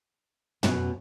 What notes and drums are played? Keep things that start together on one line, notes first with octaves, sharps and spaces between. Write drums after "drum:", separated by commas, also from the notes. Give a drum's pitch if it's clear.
B2 F#3 C#4, drum: tom